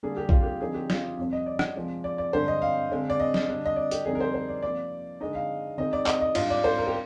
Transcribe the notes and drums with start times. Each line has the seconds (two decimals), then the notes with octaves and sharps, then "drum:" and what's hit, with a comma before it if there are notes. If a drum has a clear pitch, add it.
0.03 D3 G3 A#3 G#4
0.17 G4
0.29 F4, drum: kick A#1
0.43 G4
0.61 D3 F3 C4 D#4 G#4
0.74 G4
0.90 F4, drum: snare
1.17 F2 C3 G3 C4
1.33 D#5
1.46 D5
1.59 drum: rim click
1.76 C3 F3 G#3
2.04 D5
2.18 D5
2.32 G2 D3 G#3 C5
2.48 D#5
2.62 F5
2.91 D3 G#3 C4
3.10 D5
3.20 D#5
3.34 drum: snare
3.48 D3 G3 D4
3.66 D#5
3.76 D5
3.91 G4, drum: hi-hat
4.05 F2 D3 G3 C4 D#4 G#4
4.15 A#4
4.20 C5
4.34 C5
4.48 D5
4.62 C3 F3 A#3 D5
5.20 D3 G#3 D#4 D#5
5.35 F5
5.78 D#3 G#3 C4 D#4 D#5
5.93 D5
6.06 D#5, drum: clap
6.21 D#5
6.35 G#2 G3 D4 F4, drum: cymbal
6.50 D5
6.64 C5
6.78 A#4
6.87 G4